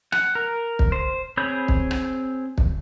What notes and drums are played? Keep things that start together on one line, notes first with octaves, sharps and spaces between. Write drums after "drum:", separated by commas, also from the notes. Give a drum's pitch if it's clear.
F#5, drum: rim click
A#4
drum: kick
C5
C4 G#4 C#5 B5 G6
drum: kick
drum: rim click
drum: kick